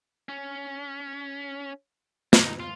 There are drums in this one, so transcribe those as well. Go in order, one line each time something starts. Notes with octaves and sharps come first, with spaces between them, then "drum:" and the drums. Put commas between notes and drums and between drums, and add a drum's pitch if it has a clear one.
C#4
D#4, drum: snare
F4